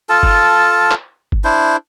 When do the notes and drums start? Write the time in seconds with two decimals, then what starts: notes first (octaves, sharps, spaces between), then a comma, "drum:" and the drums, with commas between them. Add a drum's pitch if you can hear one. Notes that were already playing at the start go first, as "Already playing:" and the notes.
0.09 F4 A4 A5
0.23 drum: kick G1
0.91 drum: clap
1.32 drum: kick G1
1.44 D4 E4 C5